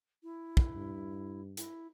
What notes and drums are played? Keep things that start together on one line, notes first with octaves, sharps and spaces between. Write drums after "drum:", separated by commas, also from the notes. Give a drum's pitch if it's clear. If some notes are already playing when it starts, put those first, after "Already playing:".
E4
drum: kick
G2
E4, drum: hi-hat